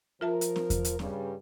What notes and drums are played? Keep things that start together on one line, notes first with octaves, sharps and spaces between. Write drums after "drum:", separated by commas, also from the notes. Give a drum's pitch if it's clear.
F3 F4 A#4 E5 A5
drum: hi-hat
drum: snare C4
drum: kick E2, hi-hat
drum: hi-hat
G2 C#3 G3, drum: snare C4